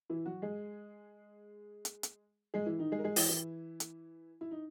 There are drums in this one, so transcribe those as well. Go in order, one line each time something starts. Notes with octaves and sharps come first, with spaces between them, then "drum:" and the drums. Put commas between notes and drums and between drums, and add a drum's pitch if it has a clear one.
E3 E4
F#3 F#4
G#3 G#4
drum: hi-hat
drum: hi-hat
G#3 G#4
E3 E4
D#3 D#4
G#3 G#4
A#4
G#3 G#4
E3 E4, drum: open hi-hat
E3 E4
drum: hi-hat
E4
D#4